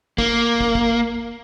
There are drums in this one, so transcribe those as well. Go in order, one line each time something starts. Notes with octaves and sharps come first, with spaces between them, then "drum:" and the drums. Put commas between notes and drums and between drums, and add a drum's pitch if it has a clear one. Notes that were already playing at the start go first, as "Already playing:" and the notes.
A#3, drum: kick
drum: kick
drum: kick